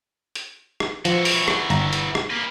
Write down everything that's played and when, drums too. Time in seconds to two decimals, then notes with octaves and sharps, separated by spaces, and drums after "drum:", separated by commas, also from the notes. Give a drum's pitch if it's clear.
0.35 drum: hi-hat
0.80 drum: rim click
1.05 E3 F3 F#4, drum: hi-hat
1.25 drum: open hi-hat
1.48 drum: rim click
1.70 G1 A#5, drum: hi-hat
1.93 drum: hi-hat
2.15 drum: rim click
2.30 A#3 B4